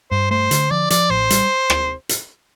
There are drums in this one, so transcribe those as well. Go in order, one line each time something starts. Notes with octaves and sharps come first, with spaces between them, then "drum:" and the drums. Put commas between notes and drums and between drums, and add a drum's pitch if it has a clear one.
G2 C5
A3 C5
D3, drum: hi-hat
F3 D5
F3 D5, drum: hi-hat
A1 C5
G3, drum: hi-hat
drum: rim click
drum: hi-hat